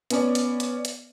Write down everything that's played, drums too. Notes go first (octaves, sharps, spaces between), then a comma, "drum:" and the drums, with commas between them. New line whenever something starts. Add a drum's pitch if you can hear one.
B3 C#4 D5, drum: hi-hat
drum: hi-hat
drum: hi-hat
drum: hi-hat